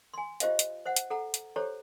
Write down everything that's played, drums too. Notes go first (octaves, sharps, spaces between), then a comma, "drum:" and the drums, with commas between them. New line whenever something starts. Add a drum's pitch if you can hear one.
G#5 C6
F4 G4 C5 D#5 F5, drum: hi-hat
drum: hi-hat
C5 E5 F#5
drum: hi-hat
A4 F#5 G5 A#5
drum: hi-hat
G4 A4 C5 C#5 A#5